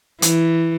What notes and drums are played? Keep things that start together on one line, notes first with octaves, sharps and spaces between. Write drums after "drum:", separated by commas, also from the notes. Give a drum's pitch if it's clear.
E3, drum: hi-hat